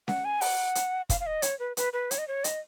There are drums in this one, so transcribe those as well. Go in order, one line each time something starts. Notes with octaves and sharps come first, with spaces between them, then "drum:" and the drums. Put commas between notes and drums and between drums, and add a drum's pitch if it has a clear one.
F#5, drum: snare C#4
G#5
F#5, drum: open hi-hat
drum: hi-hat
F5, drum: kick, hi-hat
F5
D#5
C#5, drum: hi-hat
B4
B4, drum: hi-hat
B4
C#5, drum: hi-hat
D#5
C#5
D#5, drum: hi-hat